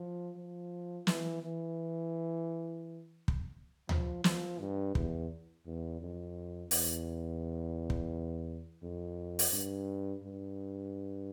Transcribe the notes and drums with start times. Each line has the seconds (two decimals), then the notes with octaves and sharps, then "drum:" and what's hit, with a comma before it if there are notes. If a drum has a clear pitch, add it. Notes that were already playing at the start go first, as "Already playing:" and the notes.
Already playing: F3
0.36 F3
1.07 E3, drum: snare
1.43 E3
3.28 drum: kick
3.89 F3, drum: tom D2
4.24 F3, drum: snare
4.59 G2
4.95 E2, drum: kick
5.66 E2
6.01 F2
6.71 E2, drum: open hi-hat
7.90 drum: kick
8.82 F2
9.39 drum: open hi-hat
9.52 G2
10.23 G2